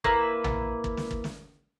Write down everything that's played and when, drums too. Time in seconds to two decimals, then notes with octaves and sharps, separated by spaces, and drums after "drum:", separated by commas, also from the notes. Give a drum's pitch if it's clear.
0.04 A#3 E4 B4, drum: kick
0.44 drum: tom
0.84 drum: kick
0.97 drum: snare
1.11 drum: kick
1.24 drum: snare